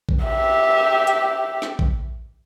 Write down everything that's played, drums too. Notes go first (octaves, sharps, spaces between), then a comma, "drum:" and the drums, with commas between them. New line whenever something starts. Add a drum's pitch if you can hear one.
drum: kick A1
G4 E5
drum: hi-hat
drum: snare
drum: kick A1